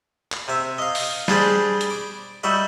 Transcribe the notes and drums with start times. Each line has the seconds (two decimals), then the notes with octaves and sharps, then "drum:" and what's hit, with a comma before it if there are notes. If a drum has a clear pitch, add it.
0.32 drum: clap
0.48 C3 E5
0.78 D#5 F5
0.95 drum: open hi-hat
1.28 G3 D4 G4 G#4 B4 C5, drum: snare
1.81 drum: hi-hat
1.90 D6
2.43 G3 D#4 F#4 B4 E5